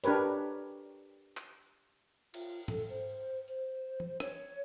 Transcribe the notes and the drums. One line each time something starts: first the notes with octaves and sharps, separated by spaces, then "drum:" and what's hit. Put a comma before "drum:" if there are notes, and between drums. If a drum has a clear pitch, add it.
D4 G4 A#4 B4 C#5, drum: hi-hat
drum: clap
F4, drum: cymbal
A4, drum: tom G#2
C5
C5, drum: tambourine
drum: tom E3
C#5, drum: rim click